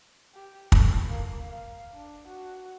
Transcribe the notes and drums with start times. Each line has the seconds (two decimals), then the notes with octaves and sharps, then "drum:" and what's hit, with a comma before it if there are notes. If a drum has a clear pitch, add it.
0.34 G4
0.72 A4, drum: kick
1.08 A#3
1.48 F5
1.94 D4
2.28 F#4